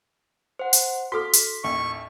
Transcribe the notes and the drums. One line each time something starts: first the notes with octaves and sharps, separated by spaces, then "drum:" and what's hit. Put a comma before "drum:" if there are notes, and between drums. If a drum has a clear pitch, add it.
C5 F#5
drum: hi-hat
F#4 A4 F5 C6 D6 F6 B6
drum: hi-hat
A1 D#2 C#6